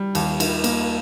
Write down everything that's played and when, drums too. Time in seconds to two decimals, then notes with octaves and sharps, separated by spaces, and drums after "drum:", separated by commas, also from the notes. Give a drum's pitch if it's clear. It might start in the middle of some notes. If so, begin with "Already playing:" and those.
Already playing: G3
0.15 D#2, drum: cymbal
0.40 D#3, drum: cymbal
0.64 A#3, drum: cymbal